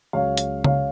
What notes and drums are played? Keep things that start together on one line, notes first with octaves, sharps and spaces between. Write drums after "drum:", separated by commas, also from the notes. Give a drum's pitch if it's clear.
C#2 C#3 F#3 C#5 F5
drum: hi-hat
C#5 F5, drum: tom C#3